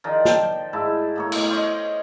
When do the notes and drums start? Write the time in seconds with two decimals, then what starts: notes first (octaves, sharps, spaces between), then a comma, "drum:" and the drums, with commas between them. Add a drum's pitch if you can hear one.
0.04 D#3 F3 A#4 D5
0.25 G5 A5, drum: snare
0.73 G#2 E4 F5 A5
1.16 A2 A#3 C#5
1.32 B2, drum: cymbal
1.50 C5 C#5 D#5